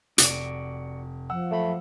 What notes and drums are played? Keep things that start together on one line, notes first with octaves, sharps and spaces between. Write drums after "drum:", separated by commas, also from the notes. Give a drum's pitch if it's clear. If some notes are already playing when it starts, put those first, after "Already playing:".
F1 F#4 D5, drum: hi-hat
F3 F#5 E6
F#2 A3 B5